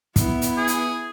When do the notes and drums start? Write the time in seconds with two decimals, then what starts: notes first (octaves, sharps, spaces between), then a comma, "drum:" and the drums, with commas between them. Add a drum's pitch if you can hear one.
0.16 B3 E4, drum: kick, hi-hat
0.42 drum: hi-hat
0.57 G#4
0.67 drum: hi-hat